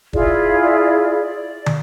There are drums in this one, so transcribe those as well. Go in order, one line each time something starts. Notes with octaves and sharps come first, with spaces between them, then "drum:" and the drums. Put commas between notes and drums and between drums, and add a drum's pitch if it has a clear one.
E4 F4 G#4 D5, drum: kick
D5
drum: tom